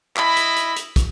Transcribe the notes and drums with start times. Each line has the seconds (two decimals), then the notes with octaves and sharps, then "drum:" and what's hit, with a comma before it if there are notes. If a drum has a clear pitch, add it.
0.17 E4 D#5 B5, drum: clap
0.37 drum: hi-hat
0.56 drum: hi-hat
0.76 drum: hi-hat
0.96 drum: kick, hi-hat